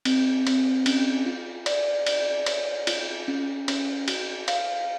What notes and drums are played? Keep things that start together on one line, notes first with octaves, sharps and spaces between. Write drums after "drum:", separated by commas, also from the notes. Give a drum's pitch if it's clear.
C4, drum: cymbal
C4, drum: cymbal
C#4, drum: cymbal
F4
D5, drum: cymbal
D5, drum: cymbal
C#5, drum: cymbal
F4, drum: cymbal
C#4
C#4, drum: cymbal
F#4, drum: cymbal
F5, drum: cymbal